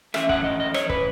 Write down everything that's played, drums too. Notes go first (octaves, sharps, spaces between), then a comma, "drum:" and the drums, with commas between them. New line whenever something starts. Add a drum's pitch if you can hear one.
E3 A3 C#4 E5, drum: rim click
F#5, drum: kick
D#5
D#5
C#5, drum: rim click
B4, drum: kick